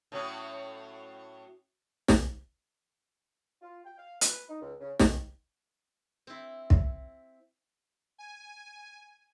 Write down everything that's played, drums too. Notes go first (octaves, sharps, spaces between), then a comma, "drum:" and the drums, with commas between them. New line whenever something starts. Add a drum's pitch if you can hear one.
A2 F#3 C#4
drum: snare
F4
G5
F5
B4, drum: hi-hat
D#4
C#2
C#3
D#3, drum: snare
C4 E4
drum: kick
G#5